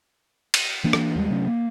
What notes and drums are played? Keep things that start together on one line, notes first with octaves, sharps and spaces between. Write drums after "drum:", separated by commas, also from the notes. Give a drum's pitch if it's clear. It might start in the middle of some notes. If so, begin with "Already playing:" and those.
drum: cymbal
E3 A#3 D4
drum: rim click
D#2 G3 G#3
C3 F#3 A3 C#4
A#3